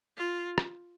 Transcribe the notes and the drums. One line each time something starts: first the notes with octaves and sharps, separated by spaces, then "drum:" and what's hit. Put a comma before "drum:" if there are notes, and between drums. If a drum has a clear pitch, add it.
F4
drum: rim click